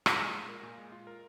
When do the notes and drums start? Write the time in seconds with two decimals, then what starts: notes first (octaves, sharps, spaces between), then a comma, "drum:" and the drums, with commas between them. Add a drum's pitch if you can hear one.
0.06 A#2, drum: rim click
0.20 G#3
0.34 F4
0.49 A#4
0.63 A#2
0.78 G#3
0.92 F4
1.07 A#4